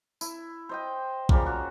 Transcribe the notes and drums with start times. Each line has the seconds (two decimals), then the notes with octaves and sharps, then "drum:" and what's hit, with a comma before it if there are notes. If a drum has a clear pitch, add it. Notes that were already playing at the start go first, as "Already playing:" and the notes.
0.21 E4, drum: tambourine
0.69 C5 D#5 G5
1.29 C#3 F3 G3 A#3, drum: kick A#1
1.46 F#4 A#5